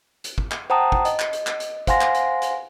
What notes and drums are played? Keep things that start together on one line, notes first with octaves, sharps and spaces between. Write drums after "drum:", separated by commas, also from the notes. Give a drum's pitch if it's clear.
drum: hi-hat
drum: kick
drum: clap
C5 F#5 G5 A5 A#5 D#6
drum: kick
D#5, drum: hi-hat
drum: clap
drum: hi-hat
drum: clap
drum: hi-hat
C5 F5 F#5 G#5 C6 A#6, drum: kick, hi-hat
drum: clap
drum: hi-hat
drum: hi-hat